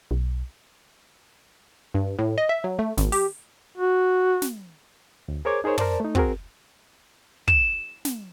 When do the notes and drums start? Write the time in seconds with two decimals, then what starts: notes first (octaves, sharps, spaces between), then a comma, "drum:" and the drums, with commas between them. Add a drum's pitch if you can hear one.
0.11 B1
1.94 G2
2.19 A2
2.38 D#5
2.49 E5
2.64 F#3
2.79 A3
2.98 G#1, drum: snare
3.12 G4, drum: open hi-hat
3.78 F#4
4.42 drum: snare
5.28 D2
5.45 G#4 A#4 C5 C#5 D6 G#6
5.64 D#4 G#4 A#4 C5 C#5
5.78 A#4 C5 D5 A5, drum: tom
6.00 A3 D#4
6.15 C4 F#4 G#4 A#4, drum: kick
7.48 E7, drum: kick
8.05 drum: snare